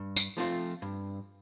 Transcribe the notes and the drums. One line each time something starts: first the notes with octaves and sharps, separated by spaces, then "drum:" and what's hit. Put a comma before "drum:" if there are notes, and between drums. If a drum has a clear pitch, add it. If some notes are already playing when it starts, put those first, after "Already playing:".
Already playing: G2
drum: tambourine
F3 A3 C4 F4
G2